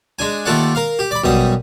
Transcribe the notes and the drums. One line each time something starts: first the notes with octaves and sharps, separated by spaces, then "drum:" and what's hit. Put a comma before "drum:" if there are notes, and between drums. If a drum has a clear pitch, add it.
G#3 D4 G#5
D#2 A3 F4 A4 D5 F#5
A#4 F5
G4
D5 B5
F#2 B2 G3 D#6, drum: kick